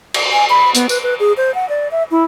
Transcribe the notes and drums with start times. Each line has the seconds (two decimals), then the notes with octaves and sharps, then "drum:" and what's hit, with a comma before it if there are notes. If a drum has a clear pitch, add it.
0.14 drum: cymbal
0.32 G#5
0.50 B5
0.75 B3, drum: hi-hat
0.89 B4, drum: tambourine
1.03 B4
1.20 G#4
1.37 C5
1.55 F#5
1.69 D5
1.91 E5
2.11 E4